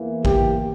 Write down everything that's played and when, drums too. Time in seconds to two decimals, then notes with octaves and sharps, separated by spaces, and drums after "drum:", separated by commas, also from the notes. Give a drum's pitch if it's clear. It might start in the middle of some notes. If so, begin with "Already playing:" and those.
Already playing: E2 E3 A#3
0.25 G4, drum: kick A1